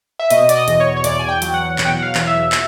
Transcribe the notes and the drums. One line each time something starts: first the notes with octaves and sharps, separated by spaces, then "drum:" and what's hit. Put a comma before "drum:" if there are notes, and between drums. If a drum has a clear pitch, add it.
E5
B2 D#5, drum: hi-hat
D5, drum: hi-hat
D#5
E2, drum: hi-hat
C#5
C#5
E2 D5, drum: hi-hat
G#5
G5
F#3, drum: hi-hat
F#5
B2 F#5, drum: clap
G5
F#5
F5
E2, drum: clap
F5
E5
drum: clap